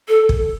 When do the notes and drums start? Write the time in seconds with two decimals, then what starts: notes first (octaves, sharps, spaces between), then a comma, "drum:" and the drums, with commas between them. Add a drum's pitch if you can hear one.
0.09 A4
0.29 drum: kick